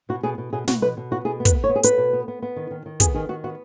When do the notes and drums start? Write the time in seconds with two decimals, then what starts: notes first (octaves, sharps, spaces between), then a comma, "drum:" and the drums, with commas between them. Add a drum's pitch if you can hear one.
0.09 B2 F#4
0.23 B2 G#4
0.38 B2
0.53 B2 G#4
0.67 B2 F#4, drum: snare
0.82 B2 B4
0.97 B2
1.11 B3 F#4
1.25 B2 G#4
1.40 B3
1.45 B4, drum: kick, hi-hat
1.55 B3
1.64 C#5
1.69 B3
1.76 G#4
1.83 B3 B4, drum: hi-hat
1.98 B2
2.13 B3
2.28 B3
2.42 B3
2.56 D#3
2.71 D#3
2.86 D#3
3.00 B3 G#4, drum: kick, hi-hat
3.14 D#3 G#4
3.29 D#3 F#4
3.44 B3 F#4